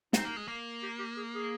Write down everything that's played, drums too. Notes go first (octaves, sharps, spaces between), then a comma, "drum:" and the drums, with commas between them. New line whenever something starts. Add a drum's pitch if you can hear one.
C4 D#4, drum: snare
A#3
G#3
A#3
G4
G4
G#4
G#4